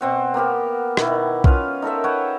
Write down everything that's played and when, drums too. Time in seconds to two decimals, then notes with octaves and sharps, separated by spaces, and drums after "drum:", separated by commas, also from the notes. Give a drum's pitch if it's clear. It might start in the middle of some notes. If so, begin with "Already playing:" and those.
0.01 B2 C4 F#5
0.34 A#3 B3 G4 A#4
0.97 B2 D#3 E4, drum: rim click
1.44 C#4 F4 B4 F5, drum: kick B1
1.82 D#4 A4 A#4 E5
2.04 B4 C#5 F#5 G5